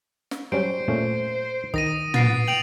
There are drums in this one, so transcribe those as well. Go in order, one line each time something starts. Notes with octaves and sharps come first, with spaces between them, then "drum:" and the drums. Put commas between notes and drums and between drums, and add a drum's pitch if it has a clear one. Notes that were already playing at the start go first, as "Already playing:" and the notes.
drum: snare
F#3 G3 C#4 C5 D7
A#2 A3 C#4
D#3 D#6 A#6 D#7, drum: kick
B3 A6 C7 D7, drum: tom
G5 D7 F7 F#7